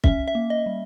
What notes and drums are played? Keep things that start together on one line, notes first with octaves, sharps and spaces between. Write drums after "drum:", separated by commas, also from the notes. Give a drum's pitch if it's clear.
C#4 E5, drum: kick
E5
A#3
D#5
G3